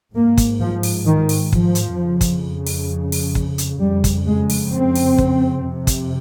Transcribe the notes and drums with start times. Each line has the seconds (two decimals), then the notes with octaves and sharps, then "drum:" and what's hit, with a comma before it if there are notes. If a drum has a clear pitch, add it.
0.15 G#2 A#3
0.38 drum: kick, hi-hat
0.60 F3
0.83 drum: open hi-hat
1.06 D#3
1.29 drum: open hi-hat
1.53 F3, drum: kick
1.75 drum: hi-hat
1.98 F2 C#3
2.21 drum: kick, hi-hat
2.67 drum: open hi-hat
3.12 drum: open hi-hat
3.35 drum: kick
3.58 drum: hi-hat
3.80 F2 C#3 G3
4.04 drum: kick, hi-hat
4.27 G#3
4.50 drum: open hi-hat
4.72 C4
4.95 drum: open hi-hat
5.18 drum: kick
5.64 F2 C3
5.87 drum: kick, hi-hat